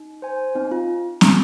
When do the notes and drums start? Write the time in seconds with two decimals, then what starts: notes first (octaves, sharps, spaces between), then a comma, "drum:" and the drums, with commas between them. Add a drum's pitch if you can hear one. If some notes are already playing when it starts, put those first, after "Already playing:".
Already playing: D#4
0.22 C5 G#5
0.55 C4 D#4
0.71 F4
1.21 drum: snare